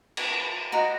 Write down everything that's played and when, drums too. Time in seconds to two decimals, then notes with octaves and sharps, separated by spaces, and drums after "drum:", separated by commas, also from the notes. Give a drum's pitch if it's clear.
0.17 drum: cymbal
0.72 F#4 D#5 A#5